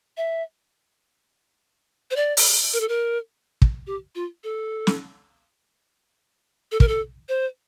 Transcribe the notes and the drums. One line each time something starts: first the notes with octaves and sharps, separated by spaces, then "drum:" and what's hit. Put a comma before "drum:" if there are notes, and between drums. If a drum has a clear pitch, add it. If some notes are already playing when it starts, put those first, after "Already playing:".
E5
C5
D5
drum: open hi-hat
A#4
A4
A#4
drum: kick
G4
F4
A4
drum: snare
A4
A#4, drum: kick
A4
C5